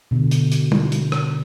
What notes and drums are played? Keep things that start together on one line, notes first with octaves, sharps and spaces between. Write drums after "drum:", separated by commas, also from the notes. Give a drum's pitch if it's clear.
B2 D3
drum: hi-hat
drum: hi-hat
drum: tom
drum: hi-hat
drum: rim click